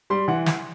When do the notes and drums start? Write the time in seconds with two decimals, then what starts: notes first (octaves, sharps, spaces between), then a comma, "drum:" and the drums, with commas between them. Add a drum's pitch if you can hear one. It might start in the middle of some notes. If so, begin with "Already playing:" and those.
0.10 G3 C6
0.28 E3 F#5
0.46 drum: snare